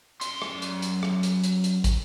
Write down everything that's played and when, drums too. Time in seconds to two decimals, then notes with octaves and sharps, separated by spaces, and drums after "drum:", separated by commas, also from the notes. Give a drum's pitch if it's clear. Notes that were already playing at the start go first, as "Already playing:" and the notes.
0.21 F#2 C6, drum: hi-hat
0.42 drum: rim click
0.62 drum: hi-hat
0.82 drum: hi-hat
1.03 drum: rim click
1.23 drum: hi-hat
1.44 drum: hi-hat
1.64 drum: hi-hat
1.84 drum: kick, hi-hat